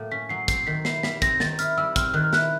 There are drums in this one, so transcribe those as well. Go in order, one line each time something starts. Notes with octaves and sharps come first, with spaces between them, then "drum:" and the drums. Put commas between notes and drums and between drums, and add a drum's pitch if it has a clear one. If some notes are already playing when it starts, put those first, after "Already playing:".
Already playing: A2 F#3 A#3
C#4 B6
F#3 C7
C4 C7, drum: kick, hi-hat
D#3 B6
E4 C7, drum: snare
G3 B6, drum: snare
C4 A#6, drum: kick, hi-hat
D#3 A6, drum: snare
E4 F6, drum: hi-hat
G3 E6
C4 F6, drum: kick, hi-hat
D#3 F#6
F6
E4 F#6, drum: snare